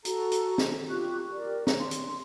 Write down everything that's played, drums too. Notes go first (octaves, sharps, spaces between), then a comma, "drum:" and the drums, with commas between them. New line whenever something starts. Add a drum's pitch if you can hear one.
F#4 A4 A#5, drum: hi-hat
drum: hi-hat
drum: snare
F4 G4 C#6 F#6
G4 A#4 D5
C#5 A#5, drum: snare
C6
drum: hi-hat